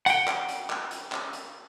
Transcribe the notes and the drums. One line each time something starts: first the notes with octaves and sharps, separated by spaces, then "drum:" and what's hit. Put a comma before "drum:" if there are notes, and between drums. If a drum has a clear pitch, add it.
F#5 G5, drum: hi-hat
drum: clap
drum: hi-hat
drum: clap
drum: hi-hat
drum: clap
drum: hi-hat